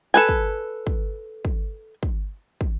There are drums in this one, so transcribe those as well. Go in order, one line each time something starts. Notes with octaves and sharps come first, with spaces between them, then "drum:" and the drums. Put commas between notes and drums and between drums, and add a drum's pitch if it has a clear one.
A4 B4 G#5
drum: kick
drum: kick
drum: kick
drum: kick
drum: kick